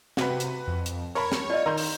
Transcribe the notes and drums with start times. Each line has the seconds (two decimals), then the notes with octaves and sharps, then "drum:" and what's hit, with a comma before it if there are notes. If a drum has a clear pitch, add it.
0.17 C3 F#4 B4, drum: snare
0.40 drum: hi-hat
0.67 F2
0.86 drum: hi-hat
1.15 A#4 C#5 A5 B5 C#6
1.32 drum: snare
1.50 F4 D5 D#5
1.66 D#3 A#4 A#5 C6 G6
1.77 drum: open hi-hat